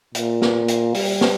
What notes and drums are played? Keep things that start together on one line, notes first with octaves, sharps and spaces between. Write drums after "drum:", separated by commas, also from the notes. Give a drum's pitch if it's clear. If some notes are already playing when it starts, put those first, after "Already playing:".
A#2, drum: hi-hat
drum: snare
drum: hi-hat
G3, drum: open hi-hat
drum: snare